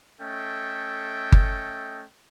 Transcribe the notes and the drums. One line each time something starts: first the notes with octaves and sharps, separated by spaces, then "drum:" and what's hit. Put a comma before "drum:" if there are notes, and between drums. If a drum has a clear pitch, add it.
A3 C#4 A4 D#5 E5 G5
drum: kick G1